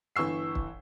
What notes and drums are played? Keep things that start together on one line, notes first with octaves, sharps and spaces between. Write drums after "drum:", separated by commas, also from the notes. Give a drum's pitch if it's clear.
G1 E3 C#6 E6 C7
drum: kick